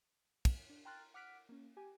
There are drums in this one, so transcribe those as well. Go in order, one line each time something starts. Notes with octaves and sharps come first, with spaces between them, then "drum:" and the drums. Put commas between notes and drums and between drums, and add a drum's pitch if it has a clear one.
drum: kick, cymbal
D4
G5 A#5 C6 F6 F#6 A6
F#5 D6 F6 F#6 B6 D7
A#3 C#4
G4 G#5